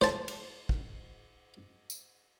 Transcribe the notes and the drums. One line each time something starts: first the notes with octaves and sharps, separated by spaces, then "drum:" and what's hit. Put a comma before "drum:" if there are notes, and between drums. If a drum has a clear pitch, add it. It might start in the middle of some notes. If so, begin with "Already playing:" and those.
C5 A5, drum: snare
drum: cymbal
drum: kick
drum: tambourine